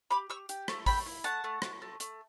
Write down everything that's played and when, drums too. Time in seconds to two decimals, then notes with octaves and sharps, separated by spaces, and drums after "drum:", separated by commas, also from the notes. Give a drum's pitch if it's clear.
0.11 G4 B5 D6
0.30 G4 C#6 E6
0.49 G4, drum: hi-hat
0.68 A3, drum: rim click
0.86 A3 G5 B5, drum: kick, open hi-hat
1.06 E4
1.24 A3 F#5 A5, drum: hi-hat
1.44 A3
1.62 A3, drum: rim click
1.82 A3
2.00 A3, drum: hi-hat